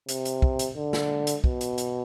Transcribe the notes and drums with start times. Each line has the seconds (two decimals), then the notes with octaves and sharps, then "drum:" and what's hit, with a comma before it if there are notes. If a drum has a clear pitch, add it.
0.09 C3, drum: hi-hat
0.25 drum: hi-hat
0.42 drum: kick
0.59 drum: hi-hat
0.77 D3
0.93 drum: snare
1.27 drum: hi-hat
1.44 B2, drum: kick
1.61 drum: hi-hat
1.78 drum: hi-hat